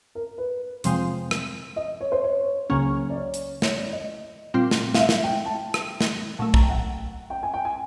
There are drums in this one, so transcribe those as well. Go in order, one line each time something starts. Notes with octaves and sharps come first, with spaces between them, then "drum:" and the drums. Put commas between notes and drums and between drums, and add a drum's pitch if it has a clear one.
A#4
B4
F2 C3 F3 G#3 C4, drum: hi-hat
drum: rim click
D#5
C#5
C5
C#5
C#2 C#3 F#3 A#3 C#4
D5
C#5
drum: hi-hat
C#5, drum: snare
D5
D#5
A#2 G3 C4 F4
drum: snare
F5, drum: snare
E5
drum: snare
G5
A5
drum: rim click
drum: snare
A#2 F#3 A3 A5
A#5, drum: kick
G5
F#5
G5
G#5
G5
G#5